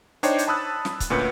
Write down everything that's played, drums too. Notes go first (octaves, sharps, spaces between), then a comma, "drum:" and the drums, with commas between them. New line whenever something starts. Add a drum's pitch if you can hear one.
D4 D#4 C5 C#5 G5 D6, drum: hi-hat
drum: hi-hat
A5 B5 D#6 E6 F#6 A6
drum: snare
drum: kick, hi-hat
D2 A#2 C#4 B4 G6 C#7